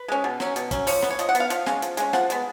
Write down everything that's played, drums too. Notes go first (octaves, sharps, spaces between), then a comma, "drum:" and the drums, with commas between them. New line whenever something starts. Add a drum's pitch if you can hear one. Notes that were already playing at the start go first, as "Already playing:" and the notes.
Already playing: B4
G#3 C#4
B2
F#3 C#4, drum: snare
B2, drum: hi-hat
F#3 C#4, drum: kick, hi-hat
F3 C#5, drum: open hi-hat
B3, drum: snare
C#5
F3 D#5, drum: hi-hat
F#5
B3, drum: hi-hat
F5
F3 F5, drum: hi-hat
G#3 C#4, drum: snare
F3, drum: hi-hat
G#3 C#4, drum: hi-hat
F3 F#5, drum: snare
G#3 B3, drum: hi-hat